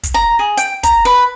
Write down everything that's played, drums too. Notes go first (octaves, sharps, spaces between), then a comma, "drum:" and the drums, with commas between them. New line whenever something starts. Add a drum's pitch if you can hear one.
drum: kick, hi-hat
A#5
G#4
G5, drum: hi-hat
A#5, drum: kick, hi-hat
B4